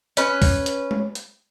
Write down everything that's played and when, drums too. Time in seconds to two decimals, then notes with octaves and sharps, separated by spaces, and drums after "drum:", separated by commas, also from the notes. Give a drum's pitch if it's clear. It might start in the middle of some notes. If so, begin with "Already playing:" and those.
0.17 C#4 B4, drum: hi-hat
0.42 drum: kick, open hi-hat
0.66 drum: hi-hat
0.91 drum: tom G#3
1.15 drum: hi-hat